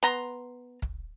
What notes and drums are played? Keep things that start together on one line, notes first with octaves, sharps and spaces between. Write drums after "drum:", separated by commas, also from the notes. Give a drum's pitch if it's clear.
B3 A#5 C6
drum: kick